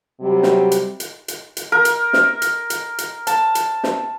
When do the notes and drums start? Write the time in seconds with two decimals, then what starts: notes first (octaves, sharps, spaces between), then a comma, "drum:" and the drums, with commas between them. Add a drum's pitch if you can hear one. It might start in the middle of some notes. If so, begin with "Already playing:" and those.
0.21 C3 F#3 G3 G4
0.43 drum: snare
0.72 drum: hi-hat
1.00 drum: hi-hat
1.28 drum: hi-hat
1.57 drum: hi-hat
1.72 A#4
1.85 drum: hi-hat
2.13 drum: snare
2.42 drum: hi-hat
2.70 drum: hi-hat
2.98 drum: hi-hat
3.27 A5, drum: hi-hat
3.55 drum: hi-hat
3.84 drum: snare